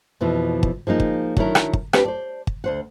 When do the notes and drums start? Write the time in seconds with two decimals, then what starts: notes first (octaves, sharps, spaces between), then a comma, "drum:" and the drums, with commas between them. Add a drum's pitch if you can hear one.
0.21 F2 B2 E3 F3
0.63 drum: kick
0.87 F3 G#3 A#3 D#4
1.00 drum: kick
1.37 D#3 F#3 D4 E4 A#4, drum: kick
1.55 drum: rim click
1.73 drum: kick
1.93 C4 D4 G4 B4 C5, drum: rim click
2.05 C5 D5
2.47 drum: kick
2.64 D2 C5 F#5